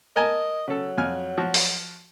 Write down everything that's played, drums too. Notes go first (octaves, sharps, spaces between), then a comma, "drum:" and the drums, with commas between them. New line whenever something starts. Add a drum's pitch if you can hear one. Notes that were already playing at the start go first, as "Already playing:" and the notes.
A#4 D#5 G#5 A5
C#3 F#3 A4
F2 G#5 F6
F3 F#4
drum: open hi-hat